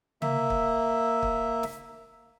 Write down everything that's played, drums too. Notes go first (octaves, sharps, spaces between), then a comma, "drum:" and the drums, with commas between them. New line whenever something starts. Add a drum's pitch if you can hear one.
A#3 E5, drum: tom
drum: kick
drum: kick
drum: snare